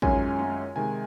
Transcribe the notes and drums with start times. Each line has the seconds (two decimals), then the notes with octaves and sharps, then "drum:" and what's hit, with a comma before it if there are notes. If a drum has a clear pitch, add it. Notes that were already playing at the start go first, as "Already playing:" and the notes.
0.02 F#2 D#3 G#3 C#4 F4 G#5, drum: kick A1
0.39 drum: tom G#3
0.76 C3 D#3 G#3 G#5